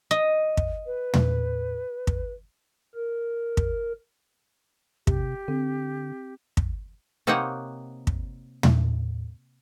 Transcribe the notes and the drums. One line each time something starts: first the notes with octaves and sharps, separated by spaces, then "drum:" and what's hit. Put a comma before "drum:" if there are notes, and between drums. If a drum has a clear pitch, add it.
D#5
drum: kick
B4
drum: tom
drum: kick
A#4
drum: kick
C3 G4, drum: kick
D3 C4
drum: kick
C3 A#3 D#4 C5 C#5 F#5
drum: kick
drum: tom